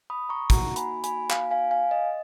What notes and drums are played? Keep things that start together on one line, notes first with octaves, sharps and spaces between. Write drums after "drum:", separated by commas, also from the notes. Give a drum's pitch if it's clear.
B5 D#6
A#5 C#6
A#3 D#4 F#4 F#5 A#5, drum: kick, hi-hat
G#5 B5, drum: hi-hat
G#5 B5, drum: hi-hat
F5 G#5, drum: clap
F5 G#5
F5 G#5
D#5